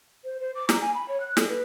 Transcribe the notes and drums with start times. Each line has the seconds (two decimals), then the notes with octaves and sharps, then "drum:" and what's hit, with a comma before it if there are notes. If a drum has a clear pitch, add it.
0.24 C5
0.40 C5
0.55 D6
0.69 A#5, drum: snare
0.81 G#5
0.94 B5
1.08 C#5
1.20 F#6
1.37 A4, drum: snare
1.48 B4